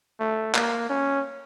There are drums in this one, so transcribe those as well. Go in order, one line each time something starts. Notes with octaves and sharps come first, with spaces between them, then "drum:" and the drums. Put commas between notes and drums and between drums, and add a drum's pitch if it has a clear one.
A3
A#3, drum: clap
C#4